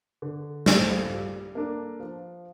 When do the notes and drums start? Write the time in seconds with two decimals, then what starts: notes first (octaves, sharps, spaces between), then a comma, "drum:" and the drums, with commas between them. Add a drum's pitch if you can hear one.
0.22 D3
0.66 F3 A3, drum: snare
1.11 G3
1.55 A#3 D4 A4
2.00 F3